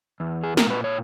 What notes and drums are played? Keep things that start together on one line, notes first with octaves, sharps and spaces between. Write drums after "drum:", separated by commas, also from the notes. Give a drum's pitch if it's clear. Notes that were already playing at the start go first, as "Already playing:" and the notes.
E2
G#4
A#4, drum: snare
A#2 B4
C#5